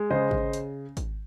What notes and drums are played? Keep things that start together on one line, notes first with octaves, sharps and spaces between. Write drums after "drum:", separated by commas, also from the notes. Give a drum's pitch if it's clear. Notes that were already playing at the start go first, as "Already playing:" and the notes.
Already playing: G#3
C#3 C5 D#5
C#3, drum: kick G#1
drum: hi-hat
drum: kick G#1, hi-hat